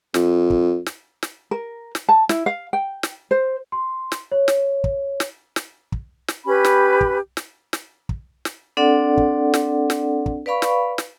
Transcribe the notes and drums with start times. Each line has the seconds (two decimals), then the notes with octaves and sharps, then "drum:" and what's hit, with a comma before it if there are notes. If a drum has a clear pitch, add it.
0.14 F2, drum: snare
0.50 drum: kick
0.86 drum: snare
1.23 drum: snare
1.51 A#4
1.95 drum: snare
2.09 A5
2.29 E4, drum: snare
2.46 F5
2.73 G5
3.03 drum: snare
3.31 C5
3.72 C6
4.12 drum: snare
4.32 C#5
4.48 drum: snare
4.84 drum: kick
5.20 drum: snare
5.56 drum: snare
5.92 drum: kick
6.28 drum: snare
6.46 C#4 G4 B4 B5
6.65 drum: snare
7.01 drum: kick
7.37 drum: snare
7.73 drum: snare
8.09 drum: kick
8.45 drum: snare
8.77 C4 D4 A4 D5 F#5
9.17 drum: kick
9.54 drum: snare
9.90 drum: snare
10.26 drum: kick
10.46 B4 D5 F5 B5 C#6
10.62 drum: snare
10.98 drum: snare